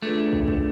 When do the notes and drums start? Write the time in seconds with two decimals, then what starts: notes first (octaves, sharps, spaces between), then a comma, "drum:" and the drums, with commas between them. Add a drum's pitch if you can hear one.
0.02 A3 D4 F4 G#4 B4 D5
0.33 drum: kick
0.48 drum: kick